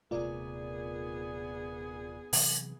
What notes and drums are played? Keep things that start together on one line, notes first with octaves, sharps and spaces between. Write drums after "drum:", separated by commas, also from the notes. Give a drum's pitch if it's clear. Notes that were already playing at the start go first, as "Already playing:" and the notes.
D#1 C3 A3 B3 F4 G#4 A#4 D5
C3 E3 F#3, drum: open hi-hat